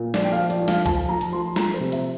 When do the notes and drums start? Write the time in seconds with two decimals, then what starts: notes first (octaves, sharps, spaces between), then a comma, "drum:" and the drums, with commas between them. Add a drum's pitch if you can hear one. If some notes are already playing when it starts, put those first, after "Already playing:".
Already playing: A#2
0.14 F3 D5, drum: snare
0.24 G5
0.32 F5
0.38 F3
0.50 D5, drum: hi-hat
0.62 F3
0.68 F5, drum: snare
0.86 F3 A5, drum: kick B1, hi-hat
0.98 A5
1.09 F3 A#5
1.21 drum: hi-hat
1.33 F3 C6
1.56 F3 A#5, drum: snare
1.74 C5
1.80 C3
1.92 E5, drum: hi-hat